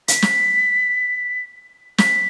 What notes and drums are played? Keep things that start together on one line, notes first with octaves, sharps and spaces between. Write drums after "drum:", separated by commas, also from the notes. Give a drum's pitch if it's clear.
B6, drum: hi-hat
drum: snare
B6, drum: snare